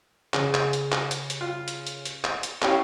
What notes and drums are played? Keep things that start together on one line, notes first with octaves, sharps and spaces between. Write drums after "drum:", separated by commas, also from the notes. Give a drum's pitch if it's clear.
C#3 G#4, drum: clap
drum: clap
drum: hi-hat
drum: clap
drum: hi-hat
drum: hi-hat
F4
drum: hi-hat
drum: hi-hat
drum: hi-hat
drum: clap
drum: hi-hat
C#4 E4 G4 C#5 F5, drum: clap